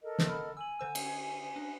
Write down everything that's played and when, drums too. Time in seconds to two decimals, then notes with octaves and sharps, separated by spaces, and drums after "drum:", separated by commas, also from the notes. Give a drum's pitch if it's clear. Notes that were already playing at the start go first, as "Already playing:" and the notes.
0.03 A4 A#4 D#5
0.19 drum: snare
0.29 D3 B5 F6
0.57 G#5 E6 F#7
0.79 D3 C5 E6
0.95 drum: cymbal
1.56 D4